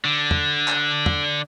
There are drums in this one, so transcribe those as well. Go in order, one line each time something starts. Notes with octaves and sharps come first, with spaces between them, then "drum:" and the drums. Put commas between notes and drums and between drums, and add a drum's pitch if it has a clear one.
D3
drum: tom
drum: clap
drum: tom